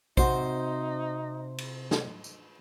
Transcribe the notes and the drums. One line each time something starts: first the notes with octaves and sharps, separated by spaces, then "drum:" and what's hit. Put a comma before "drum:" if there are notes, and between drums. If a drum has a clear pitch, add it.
C3 C4 D#4 F#4 C5, drum: kick
drum: cymbal
drum: snare
drum: tambourine